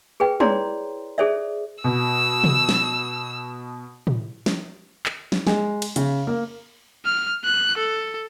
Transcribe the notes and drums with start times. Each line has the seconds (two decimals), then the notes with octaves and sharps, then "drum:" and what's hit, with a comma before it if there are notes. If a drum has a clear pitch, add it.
0.20 G#4 B4 G5
0.40 E4 G#4 C#5 D5 A#5 C6, drum: tom
1.18 G#4 A4 C5 D5 E5
1.84 B2 E6
2.44 drum: tom
2.69 drum: snare
4.07 drum: tom A2
4.46 drum: snare
5.06 drum: clap
5.32 drum: snare
5.47 G#3, drum: snare
5.82 drum: cymbal
5.96 C#3, drum: hi-hat
6.27 A#3
7.05 F6
7.45 F#6
7.78 A4